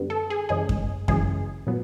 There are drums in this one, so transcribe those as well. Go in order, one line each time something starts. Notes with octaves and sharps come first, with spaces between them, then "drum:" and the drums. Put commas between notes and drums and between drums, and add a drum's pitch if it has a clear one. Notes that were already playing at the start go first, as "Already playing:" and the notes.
Already playing: F#2 D3 G3 B3
A4
G#4
F#2 C#3 E3 G#3 G#4
drum: kick F#2
F#2 C#3 E3 G#3 G#4, drum: kick F#2
A#2 F#3 B3